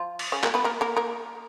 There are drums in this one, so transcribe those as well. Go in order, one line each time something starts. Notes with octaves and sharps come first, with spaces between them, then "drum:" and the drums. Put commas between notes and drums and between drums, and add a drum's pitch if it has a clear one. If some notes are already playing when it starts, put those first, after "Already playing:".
Already playing: F3 F4
drum: cymbal
C#3 C#4
A#3 A#4, drum: clap
B3 B4
A#3 A#4
A#3 A#4
A#3 A#4